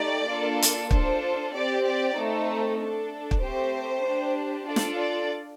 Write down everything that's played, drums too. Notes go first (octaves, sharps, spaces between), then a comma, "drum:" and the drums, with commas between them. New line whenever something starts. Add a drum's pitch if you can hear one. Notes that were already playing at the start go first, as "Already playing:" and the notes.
Already playing: A3 D#4 G4 D5
A#3 D4 F4 A4
drum: hi-hat
D4 F4 A4 C5, drum: kick
C4 G4 D5
D5
A3 C4 D#4 A4
D4 A4
drum: kick
A3 C4 G4 C5
D4 G4
D4 F4 A4 D5
drum: snare
D5